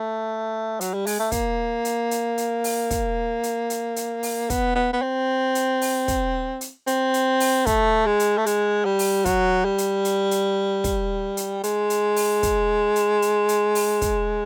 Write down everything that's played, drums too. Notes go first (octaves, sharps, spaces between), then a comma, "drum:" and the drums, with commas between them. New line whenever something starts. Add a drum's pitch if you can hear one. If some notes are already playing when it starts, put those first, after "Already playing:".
Already playing: A3
F#3, drum: hi-hat
G3
G#3, drum: open hi-hat
A3
A#3, drum: kick, hi-hat
drum: hi-hat
drum: hi-hat
drum: hi-hat
drum: open hi-hat
drum: kick, hi-hat
drum: hi-hat
drum: hi-hat
drum: hi-hat
drum: open hi-hat
B3, drum: kick, hi-hat
B3
B3
C4
drum: hi-hat
drum: open hi-hat
drum: kick, hi-hat
drum: hi-hat
C4, drum: hi-hat
drum: hi-hat
drum: open hi-hat
A3, drum: kick, hi-hat
G#3
drum: hi-hat
A3
G#3, drum: hi-hat
G3
drum: open hi-hat
F#3, drum: kick, hi-hat
G3
drum: hi-hat
drum: hi-hat
drum: hi-hat
drum: kick, hi-hat
drum: hi-hat
G#3, drum: hi-hat
drum: hi-hat
drum: open hi-hat
drum: kick, hi-hat
drum: hi-hat
drum: hi-hat
drum: hi-hat
drum: open hi-hat
drum: kick, hi-hat